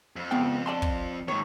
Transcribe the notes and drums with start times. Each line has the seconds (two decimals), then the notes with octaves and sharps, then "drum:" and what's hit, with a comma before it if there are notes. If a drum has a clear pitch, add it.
0.16 F2
0.31 C#2 B3 G5
0.66 D5 A5 C6
0.82 drum: kick
1.28 D#2 G#2 D#3 C#5